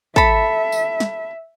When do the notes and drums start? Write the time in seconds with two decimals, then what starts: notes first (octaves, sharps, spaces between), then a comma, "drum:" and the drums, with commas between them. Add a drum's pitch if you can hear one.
0.16 A4 E5 B5, drum: kick
0.72 drum: tambourine
1.00 drum: snare